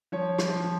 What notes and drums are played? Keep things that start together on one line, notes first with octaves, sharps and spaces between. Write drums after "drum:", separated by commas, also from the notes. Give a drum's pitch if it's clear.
F3 C#5
F3, drum: rim click
F3